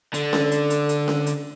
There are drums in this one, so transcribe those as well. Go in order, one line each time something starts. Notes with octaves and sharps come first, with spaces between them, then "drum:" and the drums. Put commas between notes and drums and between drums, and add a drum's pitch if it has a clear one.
D3 A4, drum: hi-hat
drum: snare C#4
drum: hi-hat
drum: hi-hat
drum: hi-hat
drum: snare C#4
drum: hi-hat